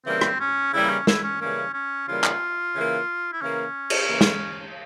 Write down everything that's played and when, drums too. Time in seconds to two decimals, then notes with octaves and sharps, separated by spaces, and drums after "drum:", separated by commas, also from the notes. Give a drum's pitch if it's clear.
0.06 C#3 E3 G3 A#3 C4
0.21 drum: rim click
0.40 C#4
0.73 C#3 E3 G3 A#3 E4
0.90 C#4
1.07 E4, drum: snare
1.23 C#4
1.40 C#3 E3 G3 A#3 C#4
1.74 C#4
2.08 C#3 E3 G3 A#3 F4
2.24 drum: clap
2.74 C#3 E3 A#3
3.33 E4
3.42 C#3 E3 A#3 C#4
3.90 drum: cymbal
4.09 C#3 E3 A#3
4.21 drum: snare